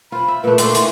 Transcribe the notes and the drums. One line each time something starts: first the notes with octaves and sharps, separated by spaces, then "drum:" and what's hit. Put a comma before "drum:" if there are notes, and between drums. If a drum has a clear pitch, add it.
F4 C5 B5
E5
A#2 A3 B4
A3 A#3 D4 C6, drum: hi-hat
E3, drum: hi-hat